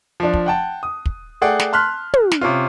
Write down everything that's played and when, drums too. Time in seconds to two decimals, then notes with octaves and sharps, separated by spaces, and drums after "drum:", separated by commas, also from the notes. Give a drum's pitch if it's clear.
0.20 F3 D4
0.34 drum: kick
0.46 F#5 G5 A5
0.83 D#6
1.06 drum: kick
1.42 A3 G#4 D5 F#5 G5
1.60 drum: snare
1.73 A5 C6 F6 F#6 B6
2.13 drum: tom
2.31 drum: snare
2.41 C3 C#4 F4